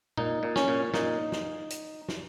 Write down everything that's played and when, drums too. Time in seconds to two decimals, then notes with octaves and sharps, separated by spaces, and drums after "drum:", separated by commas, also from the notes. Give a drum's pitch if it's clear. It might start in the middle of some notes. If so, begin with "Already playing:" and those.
0.17 A#2 D#4, drum: tom A#2
0.43 A#2
0.56 C#4, drum: snare
0.68 A#2
0.94 A#2 D#4, drum: snare
1.32 drum: snare
1.70 drum: hi-hat
2.09 drum: snare